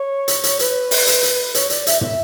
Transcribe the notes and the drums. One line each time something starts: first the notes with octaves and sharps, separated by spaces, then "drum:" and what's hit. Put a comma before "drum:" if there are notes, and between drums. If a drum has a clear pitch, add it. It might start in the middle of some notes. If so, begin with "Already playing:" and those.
Already playing: C#5
drum: hi-hat
drum: hi-hat
B4, drum: hi-hat
drum: open hi-hat
drum: hi-hat
drum: hi-hat
C#5, drum: hi-hat
D5, drum: hi-hat
E5, drum: hi-hat
E5, drum: tom